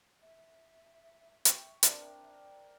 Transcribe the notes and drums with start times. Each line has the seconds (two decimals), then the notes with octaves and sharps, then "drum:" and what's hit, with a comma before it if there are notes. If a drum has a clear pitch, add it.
0.22 E5
1.45 G5 C#6, drum: hi-hat
1.83 C4 D4 A#4, drum: hi-hat
2.01 A#4